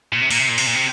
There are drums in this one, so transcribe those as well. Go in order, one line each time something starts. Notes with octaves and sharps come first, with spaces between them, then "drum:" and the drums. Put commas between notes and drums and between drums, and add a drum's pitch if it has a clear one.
A#2
C3
A#2, drum: open hi-hat
C3
A#2
C3, drum: cymbal
A#2
C3